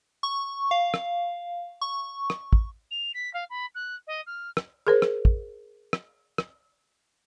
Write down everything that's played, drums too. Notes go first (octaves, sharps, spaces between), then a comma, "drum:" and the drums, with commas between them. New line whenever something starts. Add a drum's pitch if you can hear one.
C#6
F5
drum: rim click
C#6
drum: rim click
drum: kick
F7
B6
F5
B5
F#6
D#5
F6
drum: rim click
G#4 A#4 C5
drum: rim click
drum: kick
drum: rim click
drum: rim click